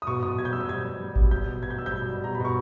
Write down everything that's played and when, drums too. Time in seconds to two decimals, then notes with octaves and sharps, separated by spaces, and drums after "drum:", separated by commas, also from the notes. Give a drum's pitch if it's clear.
0.02 D#6
0.07 B2 C#6
0.22 B2 D#6
0.38 B2 G#6
0.45 G6
0.53 G3 E6
0.60 G6
0.69 B2 G#6
0.84 G3
1.00 G3
1.16 B2, drum: kick G#1
1.31 G3 G6
1.46 B2
1.63 B2 G#6
1.70 G6
1.78 G3 E6
1.86 G6
1.93 B2
2.08 G3
2.24 B2 A#5
2.35 B5
2.40 B2 C#6